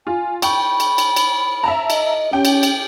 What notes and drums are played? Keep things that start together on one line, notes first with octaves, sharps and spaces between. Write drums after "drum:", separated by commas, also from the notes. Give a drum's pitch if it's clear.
F4 G#5
G5 B5 C#6, drum: cymbal
drum: cymbal
drum: cymbal
drum: cymbal
E5 A5 A#5
D#5, drum: cymbal
C#4 G4 G5
drum: cymbal
drum: cymbal